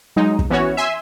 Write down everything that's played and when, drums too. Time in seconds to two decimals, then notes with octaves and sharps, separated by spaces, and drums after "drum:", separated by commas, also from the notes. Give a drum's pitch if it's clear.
0.16 F#3 G#3 D#4
0.39 drum: kick
0.50 E3 B3 C#4 F#4 C#5
0.77 E5 G#5 C6